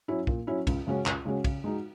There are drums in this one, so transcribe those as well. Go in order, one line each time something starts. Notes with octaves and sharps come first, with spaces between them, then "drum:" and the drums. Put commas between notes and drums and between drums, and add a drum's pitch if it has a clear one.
F#3 C#4 E4
A#2, drum: kick
F#3 C#4 E4
C#2, drum: kick, cymbal
C#3 G#3 C#4 F#4
C#2, drum: clap
C#3 G#3 C#4 F#4
C#3, drum: kick, cymbal
G#3 D#4 F#4